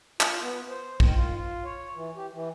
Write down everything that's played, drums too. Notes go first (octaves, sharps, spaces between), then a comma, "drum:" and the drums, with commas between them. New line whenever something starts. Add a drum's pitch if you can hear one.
F4, drum: clap
B3
C5
D#3, drum: kick
F4
F4
C#5
E3
G4
E3